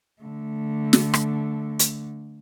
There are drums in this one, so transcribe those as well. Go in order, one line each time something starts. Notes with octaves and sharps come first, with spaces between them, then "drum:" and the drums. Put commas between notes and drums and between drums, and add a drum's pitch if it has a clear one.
D3 A3
drum: snare
drum: rim click
drum: hi-hat